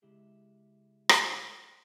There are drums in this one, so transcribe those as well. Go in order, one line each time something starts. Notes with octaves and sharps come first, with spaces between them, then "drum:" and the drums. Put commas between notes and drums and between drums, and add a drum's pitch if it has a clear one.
C#3 G#3 E4 G4 G#4
drum: rim click